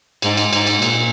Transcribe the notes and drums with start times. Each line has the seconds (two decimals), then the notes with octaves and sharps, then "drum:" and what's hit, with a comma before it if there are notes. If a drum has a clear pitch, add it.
0.22 G#2, drum: cymbal
0.37 drum: cymbal
0.53 G#2, drum: cymbal
0.67 drum: cymbal
0.82 A#2, drum: cymbal